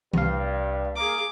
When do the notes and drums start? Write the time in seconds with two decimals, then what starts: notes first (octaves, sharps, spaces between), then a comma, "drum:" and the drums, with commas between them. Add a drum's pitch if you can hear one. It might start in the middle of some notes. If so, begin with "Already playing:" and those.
0.13 C2 G2 F5, drum: tom E3
0.96 A#3 G#4 D6